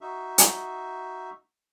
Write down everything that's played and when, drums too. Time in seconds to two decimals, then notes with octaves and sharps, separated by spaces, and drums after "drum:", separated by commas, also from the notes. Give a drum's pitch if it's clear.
0.01 D#4 F#4 E5
0.38 drum: hi-hat